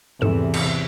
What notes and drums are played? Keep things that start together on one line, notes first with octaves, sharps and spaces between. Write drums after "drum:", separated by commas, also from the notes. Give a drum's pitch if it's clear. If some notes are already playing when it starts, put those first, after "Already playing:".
E2 G#2 C3 E3 A4 E7
drum: cymbal